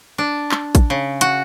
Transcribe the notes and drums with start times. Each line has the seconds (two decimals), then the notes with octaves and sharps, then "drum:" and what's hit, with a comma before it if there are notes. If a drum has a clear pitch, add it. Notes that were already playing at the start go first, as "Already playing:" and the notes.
0.18 D4
0.51 drum: clap
0.75 drum: kick, hi-hat
0.90 C#3
1.21 F#4, drum: hi-hat